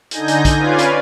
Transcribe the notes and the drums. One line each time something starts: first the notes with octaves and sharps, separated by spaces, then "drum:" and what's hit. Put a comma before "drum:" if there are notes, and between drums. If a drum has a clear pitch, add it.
D3 D#4 G#5 G6 A#6, drum: hi-hat
drum: hi-hat
drum: kick, hi-hat
C#4 F4 B4 D5 F5 G#5
drum: hi-hat